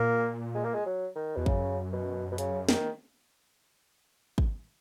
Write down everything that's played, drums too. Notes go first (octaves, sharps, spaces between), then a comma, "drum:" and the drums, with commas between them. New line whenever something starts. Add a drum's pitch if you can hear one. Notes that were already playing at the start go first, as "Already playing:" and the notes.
Already playing: A#2 A#3
G#3
A#3
G#3
F#3
D#3
E2 B2
F#2 C#3, drum: kick
B2
B2
C#3, drum: hi-hat
D#3, drum: snare
drum: kick